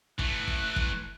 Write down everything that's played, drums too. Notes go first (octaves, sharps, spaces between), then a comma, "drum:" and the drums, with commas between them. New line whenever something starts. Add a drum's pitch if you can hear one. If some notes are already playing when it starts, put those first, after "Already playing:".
E3 A3 F#6, drum: kick
drum: kick
drum: kick